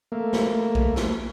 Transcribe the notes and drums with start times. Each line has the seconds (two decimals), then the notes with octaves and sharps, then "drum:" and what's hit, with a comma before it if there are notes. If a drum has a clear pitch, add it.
0.12 A3 A#3
0.33 drum: snare
0.75 drum: kick A#1
0.96 drum: snare